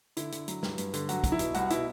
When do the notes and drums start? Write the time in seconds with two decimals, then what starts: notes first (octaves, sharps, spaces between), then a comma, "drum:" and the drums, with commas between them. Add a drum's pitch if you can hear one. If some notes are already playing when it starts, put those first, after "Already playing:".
0.17 D3 E4, drum: hi-hat
0.32 D3, drum: hi-hat
0.48 F#3, drum: hi-hat
0.63 G2, drum: snare
0.78 G2, drum: hi-hat
0.94 D3, drum: hi-hat
1.09 F#3 F#4, drum: hi-hat
1.24 F#3, drum: kick, hi-hat
1.32 E4
1.39 B2, drum: hi-hat
1.54 C2 F#4, drum: hi-hat
1.70 B2 E4, drum: hi-hat